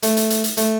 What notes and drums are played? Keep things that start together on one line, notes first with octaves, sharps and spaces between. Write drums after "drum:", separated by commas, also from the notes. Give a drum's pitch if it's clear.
A3, drum: hi-hat
drum: hi-hat
drum: hi-hat
drum: hi-hat
A3, drum: hi-hat